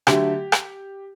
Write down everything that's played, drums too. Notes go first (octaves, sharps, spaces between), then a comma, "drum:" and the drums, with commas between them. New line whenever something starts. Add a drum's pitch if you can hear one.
D3 F#3 A3 G4, drum: rim click
drum: rim click